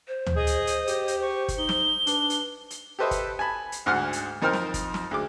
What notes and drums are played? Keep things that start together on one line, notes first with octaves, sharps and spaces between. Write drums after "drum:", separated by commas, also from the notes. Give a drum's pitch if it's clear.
C5
drum: tom
G#4 D#5
drum: hi-hat
drum: hi-hat
G4, drum: hi-hat
drum: hi-hat
C#6
drum: kick, hi-hat
D#4 G7
drum: snare
D4 B4, drum: hi-hat
drum: hi-hat
drum: hi-hat
G4 A4 B4 C5 D#5 E5
drum: kick, hi-hat
G#5 A5 B5
drum: hi-hat
D2 G#2 F#5 F6
drum: hi-hat
F2 D#4 A#4 C5 G5 F6
drum: snare
drum: kick, hi-hat
drum: snare
D2 G#3 D6